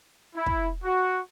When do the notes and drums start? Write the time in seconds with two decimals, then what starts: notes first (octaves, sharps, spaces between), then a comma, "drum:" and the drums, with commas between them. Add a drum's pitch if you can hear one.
0.34 E4
0.46 drum: kick
0.83 F#4